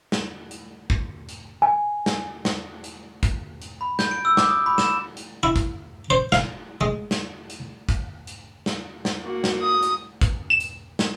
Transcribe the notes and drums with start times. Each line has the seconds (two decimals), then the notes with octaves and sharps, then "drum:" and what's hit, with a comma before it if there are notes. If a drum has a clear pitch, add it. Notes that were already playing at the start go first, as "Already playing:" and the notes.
0.12 drum: snare
0.51 drum: hi-hat
0.90 drum: kick
1.29 drum: hi-hat
1.62 G#5
2.06 drum: snare
2.45 drum: snare
2.84 drum: hi-hat
3.23 drum: kick, hi-hat
3.62 drum: hi-hat
3.81 B5
3.99 G6, drum: snare
4.11 D7
4.25 E6
4.37 D6, drum: snare
4.49 D#6
4.66 B5
4.78 E7, drum: snare
5.17 drum: hi-hat
5.43 E4
5.56 drum: kick, hi-hat
6.10 C5
6.32 F5, drum: snare
6.81 G#3
7.11 drum: snare
7.50 drum: hi-hat
7.89 drum: kick, hi-hat
8.27 drum: hi-hat
8.66 drum: snare
9.05 drum: snare
9.22 A#3 F#4
9.44 drum: snare
9.61 D#6
9.83 drum: hi-hat
10.21 drum: kick, hi-hat
10.50 E7
10.60 drum: hi-hat
10.99 drum: snare